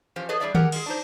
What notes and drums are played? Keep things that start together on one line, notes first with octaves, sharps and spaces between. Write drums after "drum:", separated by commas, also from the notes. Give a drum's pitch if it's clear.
F3 C#4 G4 C5
G#4 A4 B4 C#5 D#5
G3 G#3 D4 G#4 D5 E5
G4 G#4 A#4 F#5, drum: tom D#3
G#3 G#4, drum: cymbal
D4 D#4 C5